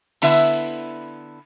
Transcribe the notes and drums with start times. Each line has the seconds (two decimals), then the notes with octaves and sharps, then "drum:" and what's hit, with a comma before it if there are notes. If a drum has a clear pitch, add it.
0.22 D3 B3 E4 B4 E5, drum: cymbal